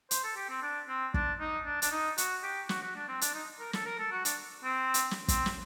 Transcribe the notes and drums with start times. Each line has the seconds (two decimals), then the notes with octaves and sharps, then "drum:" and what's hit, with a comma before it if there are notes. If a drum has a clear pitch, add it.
0.11 C5, drum: hi-hat
0.24 A4
0.36 G4
0.49 C4
0.62 D4
0.88 C4
1.14 D4, drum: kick
1.40 D#4
1.66 D4
1.82 D4, drum: hi-hat
1.92 D#4
2.18 F#4, drum: hi-hat
2.43 G4
2.69 F#4, drum: snare
2.83 F#4
2.96 D4
3.09 C4
3.21 D4, drum: hi-hat
3.34 D#4
3.60 A#4
3.73 A4, drum: snare
3.86 A#4
3.99 A4
4.11 F#4
4.25 D4, drum: hi-hat
4.64 C4
4.94 drum: hi-hat
5.11 drum: snare
5.28 C4, drum: kick, hi-hat
5.46 drum: snare